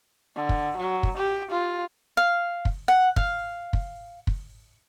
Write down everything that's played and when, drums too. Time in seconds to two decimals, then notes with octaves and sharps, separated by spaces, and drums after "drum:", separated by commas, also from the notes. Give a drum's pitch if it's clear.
0.36 D3
0.49 drum: kick
0.77 F#3
1.03 drum: kick
1.17 G4
1.50 F4
2.17 F5
2.65 drum: kick
2.88 F#5
3.16 F5, drum: kick
3.73 drum: kick
4.27 drum: kick